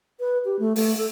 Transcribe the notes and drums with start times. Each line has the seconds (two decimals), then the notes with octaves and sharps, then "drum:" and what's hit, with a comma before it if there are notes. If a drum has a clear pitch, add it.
0.20 B4
0.45 G4
0.59 A3
0.76 A3, drum: open hi-hat
0.97 A4